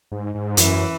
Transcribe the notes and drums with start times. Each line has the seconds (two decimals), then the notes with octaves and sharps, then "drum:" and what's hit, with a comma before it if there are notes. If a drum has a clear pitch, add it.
0.12 G#2
0.35 G#2
0.57 F#2 E3, drum: hi-hat